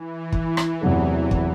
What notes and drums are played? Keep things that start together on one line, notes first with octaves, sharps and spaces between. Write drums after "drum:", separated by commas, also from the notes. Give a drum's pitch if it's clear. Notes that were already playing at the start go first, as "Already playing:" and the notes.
Already playing: E3
drum: kick
drum: rim click
E2 C3 F#3 A3
drum: kick